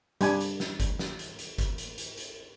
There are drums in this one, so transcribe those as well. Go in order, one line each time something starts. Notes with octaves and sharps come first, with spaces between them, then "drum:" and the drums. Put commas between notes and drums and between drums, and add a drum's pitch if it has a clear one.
G3 D4 G#5, drum: hi-hat
drum: hi-hat
drum: snare
drum: kick G1, hi-hat
drum: snare
drum: hi-hat
drum: hi-hat
drum: kick G1, hi-hat
drum: hi-hat
drum: hi-hat
drum: hi-hat